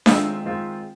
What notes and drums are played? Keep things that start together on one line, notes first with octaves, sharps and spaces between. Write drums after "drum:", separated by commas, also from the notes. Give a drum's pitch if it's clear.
D#3 G#3 C4 F4 E5, drum: snare D4
D#3 G#3 C4 F4